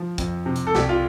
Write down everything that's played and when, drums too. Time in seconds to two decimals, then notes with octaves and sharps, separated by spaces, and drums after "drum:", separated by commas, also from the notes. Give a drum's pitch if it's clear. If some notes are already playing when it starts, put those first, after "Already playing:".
Already playing: F3
0.18 F2, drum: kick, hi-hat
0.46 C3
0.56 drum: hi-hat
0.67 A4
0.75 C2 G4, drum: snare
0.89 F4